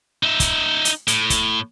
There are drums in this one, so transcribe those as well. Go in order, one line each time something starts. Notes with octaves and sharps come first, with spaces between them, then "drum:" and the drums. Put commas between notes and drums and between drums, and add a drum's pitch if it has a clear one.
D#4 E5
drum: kick, hi-hat
drum: hi-hat
A2, drum: hi-hat
drum: kick, hi-hat